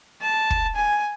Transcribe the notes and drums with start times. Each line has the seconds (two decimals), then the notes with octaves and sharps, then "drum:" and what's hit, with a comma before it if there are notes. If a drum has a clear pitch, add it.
0.22 A5
0.50 drum: kick
0.76 G#5